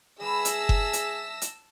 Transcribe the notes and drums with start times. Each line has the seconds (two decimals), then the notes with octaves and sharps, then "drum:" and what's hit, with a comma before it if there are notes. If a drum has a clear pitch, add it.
0.21 G3 G#4 B4 E5 A5 A#5 E6 A#6
0.45 drum: hi-hat
0.69 drum: kick F#1
0.93 drum: hi-hat
1.42 drum: hi-hat